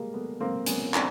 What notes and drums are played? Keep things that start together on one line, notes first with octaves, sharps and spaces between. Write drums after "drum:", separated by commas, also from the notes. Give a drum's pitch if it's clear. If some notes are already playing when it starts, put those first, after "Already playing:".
Already playing: G3 G#3 A#3
A3 B3
A#3 C4
B3 C#4, drum: hi-hat
C4 D4, drum: clap